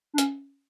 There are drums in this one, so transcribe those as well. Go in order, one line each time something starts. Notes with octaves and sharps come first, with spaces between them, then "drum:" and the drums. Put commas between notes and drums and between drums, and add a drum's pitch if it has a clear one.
D4
C#4, drum: hi-hat